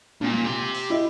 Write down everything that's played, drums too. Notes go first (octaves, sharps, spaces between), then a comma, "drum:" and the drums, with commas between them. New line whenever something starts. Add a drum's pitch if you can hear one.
A#2, drum: tom
G4 C6
drum: cymbal
E4 D#5